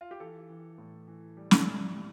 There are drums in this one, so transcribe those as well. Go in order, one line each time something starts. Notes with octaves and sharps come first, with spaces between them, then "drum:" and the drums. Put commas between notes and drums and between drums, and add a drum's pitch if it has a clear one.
F4
G4
E3 A4
E3
A2
E3
G3
drum: snare
A2
G3